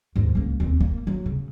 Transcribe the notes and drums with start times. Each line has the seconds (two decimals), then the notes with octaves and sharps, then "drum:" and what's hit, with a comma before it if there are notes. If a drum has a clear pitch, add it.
0.16 D#2 G#2
0.35 C#2 A#3
0.60 D#2 C4
0.81 A#3, drum: kick G#1
1.07 F#3
1.26 C#3